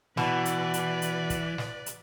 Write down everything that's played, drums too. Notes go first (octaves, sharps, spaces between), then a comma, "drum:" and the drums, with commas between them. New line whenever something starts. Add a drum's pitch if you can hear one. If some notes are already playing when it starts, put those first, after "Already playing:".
B2 E3 B4 D5, drum: snare
drum: hi-hat
drum: hi-hat
drum: hi-hat
drum: kick, hi-hat
drum: snare
drum: hi-hat